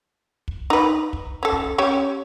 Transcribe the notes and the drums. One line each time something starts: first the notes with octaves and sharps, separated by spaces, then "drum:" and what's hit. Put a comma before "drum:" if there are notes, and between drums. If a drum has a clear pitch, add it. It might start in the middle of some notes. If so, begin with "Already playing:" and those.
drum: kick
D#4 B4
drum: kick
C#4 A4
drum: kick
C#4 G4 C#5